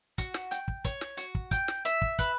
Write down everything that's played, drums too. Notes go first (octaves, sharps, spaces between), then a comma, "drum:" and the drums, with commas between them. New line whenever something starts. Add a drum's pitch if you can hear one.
F#4, drum: kick, hi-hat
drum: snare
G5, drum: hi-hat
drum: kick
C#5, drum: kick, hi-hat
drum: snare
F#4, drum: hi-hat
drum: kick
G5, drum: kick, hi-hat
drum: snare
E5, drum: hi-hat
drum: kick
B4, drum: kick, hi-hat